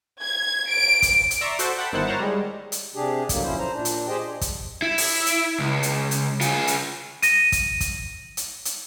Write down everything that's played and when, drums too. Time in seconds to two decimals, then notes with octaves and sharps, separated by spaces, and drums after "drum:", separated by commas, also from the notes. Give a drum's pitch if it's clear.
0.21 G#6
0.71 D7
1.02 drum: kick, hi-hat
1.31 drum: hi-hat
1.41 D5 E5 A#5 C6 C#6
1.59 F#4 A4 C5 F#5 C#6 D6, drum: hi-hat
1.78 F#5 G5 A5 B5
1.93 G1 D#3 E4 C5 F#5 A5
2.07 A#4 C5 C#5 F#5 A5 A#5
2.20 G3 G#3
2.72 drum: hi-hat
2.95 C3 D4 G4 G#4
3.29 B2 D3 F#3 A#3, drum: kick, hi-hat
3.43 F3 C#4 E4 C5
3.59 C5 A#5
3.72 A#2 D4
3.85 drum: hi-hat
4.08 G4 G#4 C5 D#5 G5
4.41 drum: kick, hi-hat
4.82 E4
4.98 drum: open hi-hat
5.26 drum: hi-hat
5.60 C#2
5.83 drum: hi-hat
6.11 drum: hi-hat
6.41 F4 G#4, drum: hi-hat
6.67 drum: hi-hat
7.23 A#6 D#7, drum: hi-hat
7.52 drum: kick, hi-hat
7.81 drum: kick, hi-hat
8.37 drum: hi-hat
8.65 drum: hi-hat